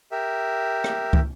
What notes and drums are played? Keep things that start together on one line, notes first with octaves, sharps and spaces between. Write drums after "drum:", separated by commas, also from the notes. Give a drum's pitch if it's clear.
G4 A#4 E5
drum: rim click
drum: kick